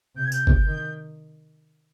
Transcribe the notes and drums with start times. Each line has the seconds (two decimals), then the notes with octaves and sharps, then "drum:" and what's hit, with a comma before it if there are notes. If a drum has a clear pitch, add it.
0.15 C3 G6
0.24 G#6
0.32 G6, drum: tambourine
0.47 drum: kick G#1
0.66 D#3